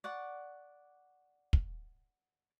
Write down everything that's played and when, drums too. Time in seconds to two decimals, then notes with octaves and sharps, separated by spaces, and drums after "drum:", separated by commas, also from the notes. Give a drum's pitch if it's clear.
0.04 D5 F#5 C#6
1.53 drum: kick